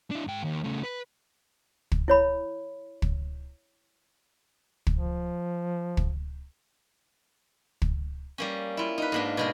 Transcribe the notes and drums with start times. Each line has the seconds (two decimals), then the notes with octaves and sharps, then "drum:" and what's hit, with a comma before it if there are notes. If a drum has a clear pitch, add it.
0.11 D4 E4
0.27 G#2 G5
0.44 D#2
0.64 C#3 A3
0.83 B4
1.92 drum: kick
2.08 E4 C#5 B5
3.02 drum: kick
4.87 drum: kick
4.96 F3
5.97 drum: kick
7.82 drum: kick
8.38 G3 A#3 C#4
8.77 E4 F4
8.98 D#4 B4
9.12 G#2 A#3 D4
9.37 B2 G#3 A#4